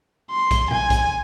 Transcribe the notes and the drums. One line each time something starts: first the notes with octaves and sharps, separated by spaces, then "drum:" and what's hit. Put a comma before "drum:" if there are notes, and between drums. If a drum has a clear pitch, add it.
C6
drum: kick, hi-hat
G#5, drum: tom A#2
drum: kick, hi-hat